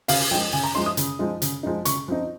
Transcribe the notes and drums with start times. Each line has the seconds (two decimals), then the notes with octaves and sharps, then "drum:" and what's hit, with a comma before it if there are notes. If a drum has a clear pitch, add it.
0.08 C#3 F5, drum: open hi-hat
0.31 F3 G#3 D#4 G5
0.53 C#3 G#5
0.63 A#5
0.75 F3 G#3 D#4 C6
0.86 D#6
0.97 C#3, drum: hi-hat
1.19 F3 G#3 D#4
1.42 C#3, drum: hi-hat
1.63 F3 G#3 D#4
1.85 C#3 C#6, drum: hi-hat
2.08 F3 C4 D#4